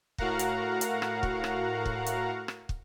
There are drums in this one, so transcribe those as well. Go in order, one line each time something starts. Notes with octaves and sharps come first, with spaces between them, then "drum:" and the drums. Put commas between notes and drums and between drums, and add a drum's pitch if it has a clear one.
A2 F#4 A#4 F5 F#5 A#5, drum: kick
drum: hi-hat
drum: hi-hat
drum: rim click
drum: kick
drum: rim click
drum: kick
drum: hi-hat
drum: rim click
drum: kick